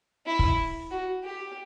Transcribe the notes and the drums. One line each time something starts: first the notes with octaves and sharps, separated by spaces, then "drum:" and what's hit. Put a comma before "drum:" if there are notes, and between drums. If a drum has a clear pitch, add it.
E4
drum: kick
F#4
G4